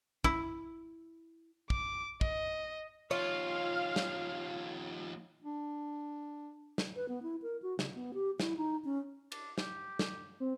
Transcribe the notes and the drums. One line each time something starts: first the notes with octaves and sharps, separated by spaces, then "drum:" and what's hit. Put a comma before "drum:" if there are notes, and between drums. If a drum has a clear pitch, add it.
E4, drum: kick
D6, drum: kick
D#5, drum: kick
D#2 F3 F4 C#5 F5
drum: snare
D4
drum: snare
B4
B3
E4
A#4
F#4
C#3, drum: snare
B3
G4
E4, drum: snare
D#4
C#4
D4, drum: cymbal
G4, drum: snare
drum: snare
C4